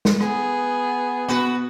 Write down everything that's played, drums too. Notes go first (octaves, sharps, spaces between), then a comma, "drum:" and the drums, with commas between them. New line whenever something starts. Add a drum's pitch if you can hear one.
drum: snare
B3 G#4, drum: rim click
B2 F#4 B4